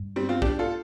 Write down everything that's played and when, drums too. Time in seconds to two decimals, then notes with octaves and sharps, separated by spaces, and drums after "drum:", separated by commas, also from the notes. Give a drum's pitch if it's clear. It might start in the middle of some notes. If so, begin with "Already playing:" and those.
Already playing: G2
0.16 G3 C4
0.29 C4 F4
0.42 D4 G4, drum: kick
0.59 F4 A4